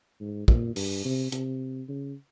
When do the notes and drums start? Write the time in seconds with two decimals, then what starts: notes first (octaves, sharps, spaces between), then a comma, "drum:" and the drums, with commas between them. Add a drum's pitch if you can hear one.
0.20 G#2
0.48 A#2, drum: kick
0.76 G2, drum: open hi-hat
1.05 C3
1.32 C3, drum: hi-hat
1.89 C#3